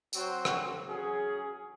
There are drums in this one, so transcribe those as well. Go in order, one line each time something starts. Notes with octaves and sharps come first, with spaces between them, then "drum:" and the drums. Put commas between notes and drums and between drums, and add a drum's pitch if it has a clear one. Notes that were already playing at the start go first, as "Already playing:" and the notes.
F#3 C4 F#4 C5, drum: tambourine
drum: rim click
F#3 C#4 G#4